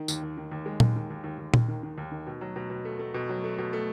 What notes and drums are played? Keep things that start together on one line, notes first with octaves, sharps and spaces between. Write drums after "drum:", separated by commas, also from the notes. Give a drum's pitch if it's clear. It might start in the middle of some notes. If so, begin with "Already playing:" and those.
Already playing: D#3
D#2, drum: tambourine
D#2
D#3
D#2
G#3
D#2, drum: tom A#2
D#3
D#2
D#2
D#2
D#2, drum: tom A#2
D#3
D#3
D#2
D#3
B2
F#3
B2
B2
A3
A3
B2
F#3
A3
B2
A3